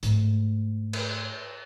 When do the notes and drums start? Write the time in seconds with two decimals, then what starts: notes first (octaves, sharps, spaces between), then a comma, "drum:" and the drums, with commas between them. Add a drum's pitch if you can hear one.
0.03 G#2 A3, drum: hi-hat
0.93 drum: cymbal